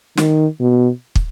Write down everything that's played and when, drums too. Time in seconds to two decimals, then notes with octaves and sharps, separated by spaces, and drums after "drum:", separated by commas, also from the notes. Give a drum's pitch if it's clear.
0.17 D#3, drum: snare
0.60 B2
1.16 drum: kick